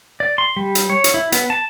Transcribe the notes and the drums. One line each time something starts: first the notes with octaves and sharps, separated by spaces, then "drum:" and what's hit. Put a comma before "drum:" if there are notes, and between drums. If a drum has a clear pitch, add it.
D5
C6
G3
drum: hi-hat
C#5
drum: hi-hat
E4
B3, drum: hi-hat
A5